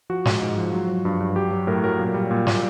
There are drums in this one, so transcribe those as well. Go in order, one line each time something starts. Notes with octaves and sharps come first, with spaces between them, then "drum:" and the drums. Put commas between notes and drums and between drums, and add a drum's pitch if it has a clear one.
F3 F#4
G#3, drum: snare
G#2
F3
F#3
F#3
G2
G2
F#3 G4
F#3
A2 A#4
F#3 A#4
A#2
G3
A#2
A#2, drum: snare